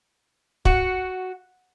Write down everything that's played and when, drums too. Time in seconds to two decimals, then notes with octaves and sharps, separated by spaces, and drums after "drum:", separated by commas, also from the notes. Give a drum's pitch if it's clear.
0.65 F#4, drum: kick